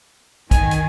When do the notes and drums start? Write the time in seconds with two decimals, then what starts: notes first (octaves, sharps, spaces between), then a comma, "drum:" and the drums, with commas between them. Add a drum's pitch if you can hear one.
0.51 D#3 G#5, drum: kick, hi-hat
0.71 drum: hi-hat